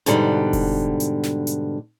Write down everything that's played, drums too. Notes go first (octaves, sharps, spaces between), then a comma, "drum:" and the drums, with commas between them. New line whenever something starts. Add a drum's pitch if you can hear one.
G#2 B2 D3 G3, drum: hi-hat
drum: kick F1, open hi-hat
drum: hi-hat
drum: snare
drum: hi-hat